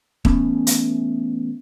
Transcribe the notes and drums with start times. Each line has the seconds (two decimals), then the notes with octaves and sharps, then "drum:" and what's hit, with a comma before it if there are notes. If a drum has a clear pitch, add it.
0.25 E3 A3 B3 C#4, drum: kick
0.67 drum: hi-hat